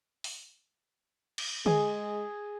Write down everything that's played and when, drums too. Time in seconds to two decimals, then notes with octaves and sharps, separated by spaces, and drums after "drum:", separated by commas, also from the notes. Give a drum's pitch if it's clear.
0.24 drum: open hi-hat
1.38 drum: cymbal
1.66 G#3 G#4, drum: tom D3